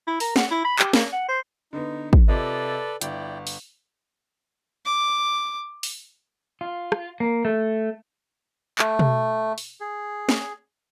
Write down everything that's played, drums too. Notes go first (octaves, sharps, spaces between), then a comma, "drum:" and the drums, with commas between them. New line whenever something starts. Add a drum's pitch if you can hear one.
E4
A#4, drum: open hi-hat
F#5, drum: snare
E4
B5
G4, drum: clap
A#3, drum: snare
F#5
C5
D3 B3 D#4
drum: kick
C3 F4 A4 B4 D5 D#5
G1 E4 D5 G5, drum: hi-hat
drum: open hi-hat
D6
drum: open hi-hat
F4
drum: rim click
A#3
A3
A3, drum: clap
drum: tom B2
drum: open hi-hat
G#4
drum: snare